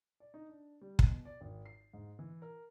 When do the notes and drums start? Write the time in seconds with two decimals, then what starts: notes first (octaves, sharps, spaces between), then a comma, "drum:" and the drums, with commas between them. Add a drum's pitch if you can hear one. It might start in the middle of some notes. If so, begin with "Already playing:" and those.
0.20 D5
0.34 D#4
0.49 D4
0.81 G3
0.99 B2, drum: kick
1.25 D5
1.41 G#1
1.66 C7
1.93 G#2
2.19 E3
2.42 A#4